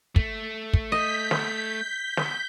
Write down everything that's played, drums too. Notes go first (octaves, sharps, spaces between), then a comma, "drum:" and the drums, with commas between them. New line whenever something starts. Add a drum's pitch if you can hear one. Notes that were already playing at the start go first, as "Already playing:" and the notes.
A3, drum: kick
drum: kick
D#5 G6 B6
drum: snare
drum: snare